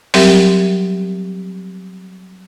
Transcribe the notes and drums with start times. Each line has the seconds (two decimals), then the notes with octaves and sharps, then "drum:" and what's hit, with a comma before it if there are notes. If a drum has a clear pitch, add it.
0.14 F#3 G3 C4 G4 A#4 E5, drum: open hi-hat